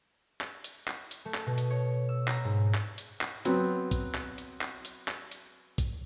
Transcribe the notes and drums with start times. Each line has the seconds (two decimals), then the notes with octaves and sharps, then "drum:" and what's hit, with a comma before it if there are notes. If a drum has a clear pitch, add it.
0.41 drum: clap
0.64 drum: hi-hat
0.88 drum: clap
1.11 drum: hi-hat
1.25 A3
1.34 drum: clap
1.46 B2
1.58 drum: hi-hat
1.70 C#5
2.09 E6
2.28 A#5, drum: clap
2.44 G#2
2.75 drum: clap
2.98 drum: hi-hat
3.21 drum: clap
3.45 F#3 B3 C4, drum: hi-hat
3.91 drum: kick, hi-hat
4.15 drum: clap
4.38 drum: hi-hat
4.61 drum: clap
4.85 drum: hi-hat
5.08 drum: clap
5.31 drum: hi-hat
5.78 drum: kick, hi-hat